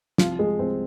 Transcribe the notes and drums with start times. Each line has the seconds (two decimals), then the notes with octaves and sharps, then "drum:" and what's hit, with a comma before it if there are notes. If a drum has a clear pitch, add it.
0.18 C2 F3 F4, drum: snare
0.39 C2 G#3 G#4
0.59 C2 C4 C5